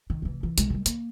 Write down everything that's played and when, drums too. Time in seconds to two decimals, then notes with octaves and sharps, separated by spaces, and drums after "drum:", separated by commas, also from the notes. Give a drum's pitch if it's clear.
0.10 D#3
0.22 F1 E3
0.43 E3
0.58 B1 G#3, drum: hi-hat
0.70 D#3 G3
0.86 A#3, drum: hi-hat